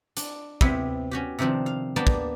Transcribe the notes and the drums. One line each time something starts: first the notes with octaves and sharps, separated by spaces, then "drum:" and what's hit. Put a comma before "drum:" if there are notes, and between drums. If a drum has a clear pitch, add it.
D4, drum: hi-hat
C3 B3 C4 E4 G4, drum: kick
C#4 F#4 G4
C3 D#3 F3 C4 D4
F5
A#3 B3 D4 D5 G5 A5
drum: kick